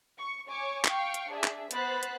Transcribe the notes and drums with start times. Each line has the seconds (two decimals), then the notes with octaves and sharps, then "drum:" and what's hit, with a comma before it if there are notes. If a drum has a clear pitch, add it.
0.19 C#6
0.50 C#5 G#5 C#6 D6
0.85 F5 G5 C#6, drum: clap
1.14 drum: hi-hat
1.29 D4 G#4 E5
1.44 drum: clap
1.71 B3 C5 B5 F#6 A6, drum: hi-hat
2.03 drum: hi-hat